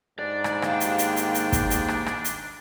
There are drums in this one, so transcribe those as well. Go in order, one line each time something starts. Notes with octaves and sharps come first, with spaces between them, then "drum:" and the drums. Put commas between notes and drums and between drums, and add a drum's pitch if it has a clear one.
G#2 D4 D5
drum: rim click
D#2 F5 G5, drum: rim click
drum: hi-hat
drum: hi-hat
drum: hi-hat
drum: hi-hat
drum: kick, hi-hat
drum: hi-hat
drum: rim click
drum: rim click
drum: hi-hat